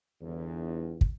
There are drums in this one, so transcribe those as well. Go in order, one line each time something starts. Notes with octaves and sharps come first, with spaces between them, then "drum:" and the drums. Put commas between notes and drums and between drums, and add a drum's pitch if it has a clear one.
G1 E2
drum: kick